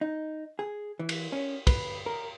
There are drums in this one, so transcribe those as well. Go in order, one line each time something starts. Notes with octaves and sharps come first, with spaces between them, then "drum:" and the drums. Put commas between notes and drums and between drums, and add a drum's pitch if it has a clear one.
D#4
G#4
E3
drum: cymbal
C#4
B4, drum: kick, cymbal
A#4